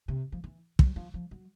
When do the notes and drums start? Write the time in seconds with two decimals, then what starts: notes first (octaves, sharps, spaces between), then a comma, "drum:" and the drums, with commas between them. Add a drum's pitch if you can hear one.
0.08 C3
0.32 F3
0.44 E3
0.79 F#3, drum: kick
0.96 F3
1.14 F3
1.31 F#3